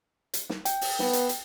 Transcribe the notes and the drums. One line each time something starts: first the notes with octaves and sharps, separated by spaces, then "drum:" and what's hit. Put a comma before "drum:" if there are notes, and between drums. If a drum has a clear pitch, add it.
drum: hi-hat
drum: snare
G5, drum: hi-hat
drum: open hi-hat
B3, drum: snare
drum: hi-hat
drum: hi-hat